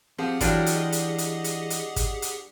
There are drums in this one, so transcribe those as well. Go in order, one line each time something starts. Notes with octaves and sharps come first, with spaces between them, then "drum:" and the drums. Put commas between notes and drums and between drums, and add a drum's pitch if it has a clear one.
F3 C4 G4 G#4 F#5
E3 F#3 G3 D4 F4, drum: kick, hi-hat
drum: hi-hat
D#5
drum: hi-hat
drum: hi-hat
drum: hi-hat
drum: hi-hat
drum: kick, hi-hat
drum: hi-hat